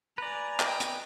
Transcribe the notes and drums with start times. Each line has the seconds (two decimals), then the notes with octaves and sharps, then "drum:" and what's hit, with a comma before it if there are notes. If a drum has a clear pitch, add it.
0.18 B4 D5 G#5 A#5
0.60 D#5 G5, drum: clap
0.80 drum: hi-hat